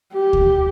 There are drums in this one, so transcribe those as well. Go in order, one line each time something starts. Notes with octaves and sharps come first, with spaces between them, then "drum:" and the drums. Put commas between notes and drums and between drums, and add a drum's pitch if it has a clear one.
G4
drum: kick D2